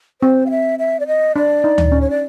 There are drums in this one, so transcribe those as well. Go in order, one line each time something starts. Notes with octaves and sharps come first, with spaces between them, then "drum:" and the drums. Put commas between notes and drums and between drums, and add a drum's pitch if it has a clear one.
C4 C5
F5
E5
E5
D5
D#5
D4 D5
D#4
drum: tom D2
C#4
C#5
D5